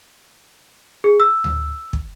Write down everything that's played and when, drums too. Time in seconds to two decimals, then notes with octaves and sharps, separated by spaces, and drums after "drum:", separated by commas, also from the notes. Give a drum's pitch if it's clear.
1.04 G#4
1.20 E6
1.44 drum: tom D2
1.93 drum: kick